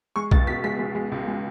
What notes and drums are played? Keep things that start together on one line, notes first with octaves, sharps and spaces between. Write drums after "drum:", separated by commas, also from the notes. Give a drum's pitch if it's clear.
G#3 C#6
C#2 A6, drum: kick B1
B2 B6
G#3 B6
G#3
G#3
C#2
G#3